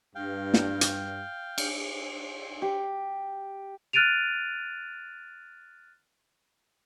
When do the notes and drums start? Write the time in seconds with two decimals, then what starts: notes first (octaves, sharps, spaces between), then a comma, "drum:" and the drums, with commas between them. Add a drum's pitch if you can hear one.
0.15 G2 F5 G5
0.54 drum: snare
0.81 drum: hi-hat
1.58 drum: cymbal
2.62 G4
3.93 F6 F#6 A6 D7 D#7 F7